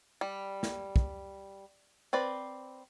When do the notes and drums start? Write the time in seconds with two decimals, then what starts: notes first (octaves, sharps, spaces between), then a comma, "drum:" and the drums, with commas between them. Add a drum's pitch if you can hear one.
0.21 G3
0.63 drum: snare
0.96 drum: kick
2.13 C4 B4 D5